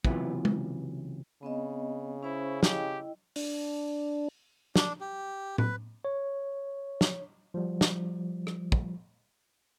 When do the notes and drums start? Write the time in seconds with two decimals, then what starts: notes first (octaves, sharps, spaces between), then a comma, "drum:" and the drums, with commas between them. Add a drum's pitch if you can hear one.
0.05 C#2 C3 E3 F#3 B3 F4, drum: kick
0.45 drum: tom
1.43 C#3 B3 C4 D#5
2.23 C#4 E4 C5
2.63 E4 G4 D#5 G5, drum: snare
3.36 D4, drum: open hi-hat
4.76 D4, drum: snare
5.01 G4
5.58 B4, drum: tom A2
6.05 C#5
7.01 drum: snare
7.54 F3 G3
7.81 drum: snare
8.47 drum: rim click
8.72 drum: kick